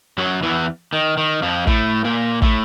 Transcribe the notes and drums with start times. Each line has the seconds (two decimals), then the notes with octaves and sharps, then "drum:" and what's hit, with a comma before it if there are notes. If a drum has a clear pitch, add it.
0.18 F#2 F#3
0.43 E2 E3
0.93 D#3
1.17 D#3
1.42 F2 F3
1.67 A2 A3, drum: kick
2.05 A#2 A#3
2.42 A2 A3, drum: kick